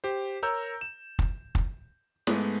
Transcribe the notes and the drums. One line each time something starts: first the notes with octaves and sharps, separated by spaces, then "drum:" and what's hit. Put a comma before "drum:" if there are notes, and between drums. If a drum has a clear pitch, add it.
G4 C5
A#4 C#5 A#5 E6 G6
E7
drum: kick
drum: kick
G#2 G#3 A3 B3, drum: snare